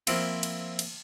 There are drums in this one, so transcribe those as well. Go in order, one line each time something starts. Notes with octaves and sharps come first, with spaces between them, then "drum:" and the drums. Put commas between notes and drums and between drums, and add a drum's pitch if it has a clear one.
F3 A#3 C4 E4 F4, drum: cymbal
drum: cymbal
drum: cymbal